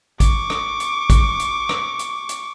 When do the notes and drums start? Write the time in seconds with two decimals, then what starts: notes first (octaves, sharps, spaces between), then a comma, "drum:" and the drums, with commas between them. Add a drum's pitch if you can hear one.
0.20 C#6 D6, drum: kick A1, hi-hat
0.50 drum: rim click
0.80 drum: hi-hat
1.10 drum: kick A1, hi-hat
1.39 drum: hi-hat
1.69 drum: rim click
1.99 drum: hi-hat
2.29 drum: hi-hat